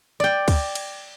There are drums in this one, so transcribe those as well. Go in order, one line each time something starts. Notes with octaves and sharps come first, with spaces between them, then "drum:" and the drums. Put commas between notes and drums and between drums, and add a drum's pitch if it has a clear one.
D5 G5
drum: kick C#2, cymbal
drum: cymbal